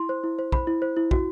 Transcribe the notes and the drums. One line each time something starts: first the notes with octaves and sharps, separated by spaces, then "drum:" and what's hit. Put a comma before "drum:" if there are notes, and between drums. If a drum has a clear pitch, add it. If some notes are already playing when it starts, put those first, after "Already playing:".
Already playing: E4 C6
C5
E4
C5
C5 B5, drum: kick
E4
C5
E4
F#4, drum: kick